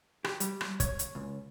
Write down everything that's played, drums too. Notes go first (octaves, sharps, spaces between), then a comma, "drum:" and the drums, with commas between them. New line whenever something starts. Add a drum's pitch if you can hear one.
G4, drum: rim click
G3, drum: hi-hat
drum: rim click
C#5, drum: kick, hi-hat
drum: hi-hat
C#2